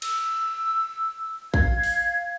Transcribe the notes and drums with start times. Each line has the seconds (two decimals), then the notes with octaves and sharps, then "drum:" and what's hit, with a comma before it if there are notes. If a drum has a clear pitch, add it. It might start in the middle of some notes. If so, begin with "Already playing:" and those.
0.02 E6, drum: cymbal
1.54 F5 G#6, drum: kick
1.83 drum: open hi-hat